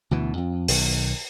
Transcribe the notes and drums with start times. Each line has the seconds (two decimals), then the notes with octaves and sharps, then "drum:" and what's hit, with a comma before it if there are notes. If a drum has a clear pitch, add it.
0.11 D2 B2 E3
0.38 F2
0.68 B1 D#3, drum: open hi-hat